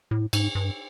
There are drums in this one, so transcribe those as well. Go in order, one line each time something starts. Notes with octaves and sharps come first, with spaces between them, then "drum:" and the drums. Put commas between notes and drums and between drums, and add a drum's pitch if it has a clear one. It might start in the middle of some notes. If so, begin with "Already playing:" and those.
A2
G#2, drum: cymbal
G2